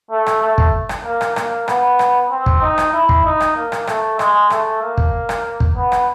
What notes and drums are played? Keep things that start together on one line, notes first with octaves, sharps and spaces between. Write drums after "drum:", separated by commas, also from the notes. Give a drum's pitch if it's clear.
A3
drum: rim click
A3
drum: kick
drum: rim click
A#3
drum: rim click
A#3, drum: rim click
B3, drum: rim click
drum: rim click
C4
drum: kick
D#4
drum: rim click
E4
drum: kick
D#4
drum: rim click
A#3
drum: rim click
A3, drum: rim click
G#3, drum: rim click
A3, drum: rim click
A#3
drum: kick
drum: rim click
drum: kick
B3
drum: rim click